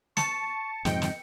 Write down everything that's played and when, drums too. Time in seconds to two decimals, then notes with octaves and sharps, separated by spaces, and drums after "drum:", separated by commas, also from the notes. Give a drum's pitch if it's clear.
0.17 A5 C#6 C#7, drum: snare
0.85 F2 G#2 C3 D#5 G5, drum: snare
1.02 drum: snare